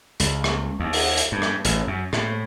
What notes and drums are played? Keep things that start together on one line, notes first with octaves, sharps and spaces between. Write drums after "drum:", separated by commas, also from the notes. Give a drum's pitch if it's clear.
C#2, drum: hi-hat
drum: rim click
D#2
drum: open hi-hat
drum: hi-hat
G2
drum: rim click
A1, drum: hi-hat
F#2
A2, drum: rim click